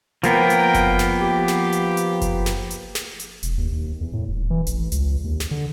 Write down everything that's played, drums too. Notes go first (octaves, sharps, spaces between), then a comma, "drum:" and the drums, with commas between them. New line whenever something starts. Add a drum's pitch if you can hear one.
F3 A#3 B3 A#4 G5, drum: hi-hat
drum: hi-hat
drum: kick F#1, hi-hat
drum: snare
G4
drum: snare
drum: hi-hat
drum: hi-hat
drum: kick F#1, hi-hat
drum: snare
drum: hi-hat
drum: snare
drum: hi-hat
E1, drum: hi-hat
D#2
D#2
E2
A2
D#1
E3
A1, drum: hi-hat
C#2, drum: hi-hat
D#2
drum: snare
D3